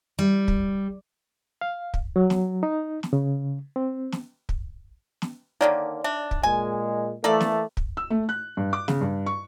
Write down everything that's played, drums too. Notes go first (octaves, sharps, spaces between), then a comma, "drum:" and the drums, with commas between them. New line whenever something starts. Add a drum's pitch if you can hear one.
G3
drum: kick
F5
drum: kick
F#3
drum: snare
D#4
drum: snare
C#3
C4
drum: snare
drum: kick
drum: snare
D3 D#3 A#3 D#4 C#5 D5
D4 E5
drum: kick
A#2 G#3 G#5
E3 A3 A#3 A4 D5
drum: snare
drum: kick
E6
A3
F#6
G2
D6
C#3, drum: snare
G2
C#6